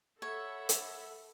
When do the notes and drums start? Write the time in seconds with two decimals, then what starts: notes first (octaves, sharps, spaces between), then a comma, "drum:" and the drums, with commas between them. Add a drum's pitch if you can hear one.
0.22 A4 C#5 E5 F#5 B5
0.69 drum: hi-hat